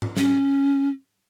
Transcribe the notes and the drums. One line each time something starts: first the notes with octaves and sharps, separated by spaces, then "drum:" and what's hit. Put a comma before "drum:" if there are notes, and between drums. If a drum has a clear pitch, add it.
drum: tom G#2
C#4, drum: snare